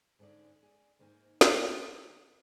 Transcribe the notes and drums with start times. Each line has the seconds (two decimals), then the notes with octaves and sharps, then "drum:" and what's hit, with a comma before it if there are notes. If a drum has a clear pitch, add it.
0.19 G#2 D3 C#4 G#4 D5
0.63 G#4 D5
0.99 G#2 D#3 A#3 C5 G#5
1.41 drum: snare